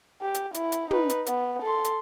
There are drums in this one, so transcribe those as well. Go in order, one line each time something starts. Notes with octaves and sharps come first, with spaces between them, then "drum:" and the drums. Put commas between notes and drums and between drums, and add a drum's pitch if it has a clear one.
G4
drum: hi-hat
E4, drum: hi-hat
drum: hi-hat
D#4 B4, drum: tom
drum: hi-hat
B3, drum: hi-hat
A4 C6
drum: hi-hat